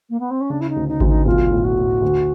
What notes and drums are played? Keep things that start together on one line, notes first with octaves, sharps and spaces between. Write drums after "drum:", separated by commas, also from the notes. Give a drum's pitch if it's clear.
A#3
B3
C4
C#4
C#3 D4
E4
D#4
D2
D#4
D2, drum: kick G#1
D#4
B1 F4
A2
F#4
A2
D2